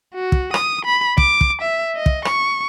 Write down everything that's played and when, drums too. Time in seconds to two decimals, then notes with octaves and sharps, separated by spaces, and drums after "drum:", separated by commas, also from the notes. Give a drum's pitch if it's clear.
0.15 F#4
0.32 drum: kick
0.54 D#6, drum: rim click
0.85 B5
1.18 D6, drum: kick
1.41 drum: kick
1.62 E5
1.96 D#5
2.06 drum: kick
2.25 C#6, drum: rim click